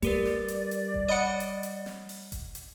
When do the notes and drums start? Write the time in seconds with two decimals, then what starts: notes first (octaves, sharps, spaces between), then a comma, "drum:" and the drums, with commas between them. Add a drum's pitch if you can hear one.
0.02 G3 G4 A#4 B4 D5, drum: kick F#1, hi-hat
0.25 drum: snare
0.48 drum: hi-hat
0.71 drum: hi-hat
0.94 drum: kick F#1
1.09 C#5 D#5 F#5 B5 D7
1.40 drum: hi-hat
1.63 drum: hi-hat
1.86 drum: snare
2.09 drum: open hi-hat
2.32 drum: kick F#1, hi-hat
2.55 drum: hi-hat